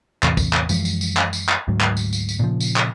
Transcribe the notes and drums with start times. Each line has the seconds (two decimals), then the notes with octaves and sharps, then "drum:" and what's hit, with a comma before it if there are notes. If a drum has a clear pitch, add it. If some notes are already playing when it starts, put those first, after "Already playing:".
0.23 A1 E2 C3, drum: clap
0.37 drum: kick, tambourine
0.53 drum: clap
0.69 F#2 E3 F3 G#3, drum: tambourine
0.85 drum: tambourine
1.01 drum: tambourine
1.17 drum: clap
1.33 drum: tambourine
1.49 drum: clap
1.68 D2 G#2 F#3
1.81 drum: clap
1.97 drum: tambourine
2.13 drum: tambourine
2.29 drum: tambourine
2.40 A#2 C#3 F3
2.60 drum: tambourine
2.76 drum: clap